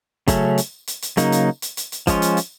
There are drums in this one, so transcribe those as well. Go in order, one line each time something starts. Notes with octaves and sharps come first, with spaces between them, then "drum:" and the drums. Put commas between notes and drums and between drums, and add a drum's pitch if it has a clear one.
C#3 F#3 A3 C#4, drum: kick G1, hi-hat
drum: hi-hat
drum: hi-hat
drum: hi-hat
C#3 F#3 A#3 D#4, drum: hi-hat
drum: hi-hat
drum: hi-hat
drum: hi-hat
drum: hi-hat
F3 G#3 C#4 F4, drum: kick G1, hi-hat
drum: hi-hat
drum: hi-hat